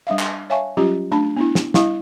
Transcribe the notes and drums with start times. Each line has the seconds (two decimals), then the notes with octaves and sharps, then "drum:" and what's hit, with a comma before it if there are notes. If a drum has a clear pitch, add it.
0.07 G3 D4 E5 F5
0.19 drum: clap
0.50 C#5 E5 F5 G#5 A5 C#6
0.77 F#3 G3 C#4 F4 G4
1.11 A3 D4 A5 B5
1.36 B3 D4 E4
1.55 drum: snare
1.74 G3 E4 F5, drum: snare